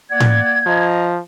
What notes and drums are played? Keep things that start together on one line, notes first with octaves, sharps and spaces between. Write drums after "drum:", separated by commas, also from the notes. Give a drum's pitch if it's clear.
A#3 D5 F#5 G#6
drum: tom A2
F3 D#5 A#5